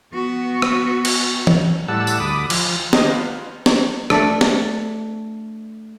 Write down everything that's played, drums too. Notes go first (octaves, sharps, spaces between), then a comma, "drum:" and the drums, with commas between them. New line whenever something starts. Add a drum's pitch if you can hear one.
B3 F#4
drum: rim click
drum: cymbal
drum: tom
A2 G3 F#5 A5 E6
drum: tambourine
D2 B5 D6 D#6
F3, drum: cymbal
D#3 G4 D#5, drum: snare
B3 F4
drum: snare
A3 D4 D5, drum: rim click
drum: snare